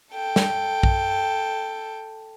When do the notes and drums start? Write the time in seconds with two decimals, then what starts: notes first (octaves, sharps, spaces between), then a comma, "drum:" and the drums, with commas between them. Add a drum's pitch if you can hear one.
0.12 A4 G5
0.36 drum: snare
0.83 drum: kick